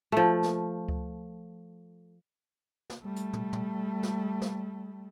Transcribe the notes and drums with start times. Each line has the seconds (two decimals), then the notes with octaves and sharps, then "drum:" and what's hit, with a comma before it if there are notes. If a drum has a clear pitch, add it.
0.12 F3 A3
0.43 drum: snare
0.88 drum: kick C#2
2.90 drum: snare
3.03 G3 A3
3.16 drum: hi-hat
3.33 drum: tom
3.53 drum: tom
4.03 drum: snare
4.41 drum: snare